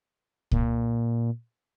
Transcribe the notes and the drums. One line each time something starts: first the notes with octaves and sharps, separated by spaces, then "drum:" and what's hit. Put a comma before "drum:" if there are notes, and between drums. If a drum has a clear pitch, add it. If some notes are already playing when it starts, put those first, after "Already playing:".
A#2, drum: kick C2